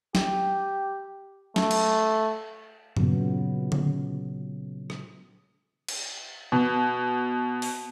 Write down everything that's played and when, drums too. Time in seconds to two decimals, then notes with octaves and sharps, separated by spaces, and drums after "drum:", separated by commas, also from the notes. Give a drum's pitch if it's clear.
0.15 G4, drum: snare
1.56 A3, drum: snare
1.71 drum: cymbal
2.97 A#2 C#3 F#3 B3, drum: tom G2
3.72 drum: tom D3
4.90 drum: rim click
5.88 drum: cymbal
6.52 B2
7.62 drum: open hi-hat